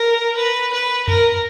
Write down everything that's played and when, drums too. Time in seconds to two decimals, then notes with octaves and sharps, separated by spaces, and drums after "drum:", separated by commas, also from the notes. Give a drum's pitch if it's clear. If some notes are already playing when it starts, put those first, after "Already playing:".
Already playing: A#4
0.37 B4
0.73 B4
1.08 A#4, drum: tom E2